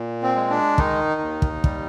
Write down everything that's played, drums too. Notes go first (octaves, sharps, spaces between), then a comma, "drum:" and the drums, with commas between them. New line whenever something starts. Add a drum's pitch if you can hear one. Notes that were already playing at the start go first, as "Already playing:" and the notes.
Already playing: A#2
C4
G#3
D4
D#3 D#4, drum: kick
D#2
drum: kick
G3, drum: kick